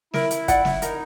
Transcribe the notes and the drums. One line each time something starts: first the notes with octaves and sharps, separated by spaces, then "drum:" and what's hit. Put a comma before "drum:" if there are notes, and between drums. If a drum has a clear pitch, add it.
E4 A#4, drum: snare
drum: hi-hat
D5 F#5, drum: kick, hi-hat
drum: snare
D#4 A#4, drum: hi-hat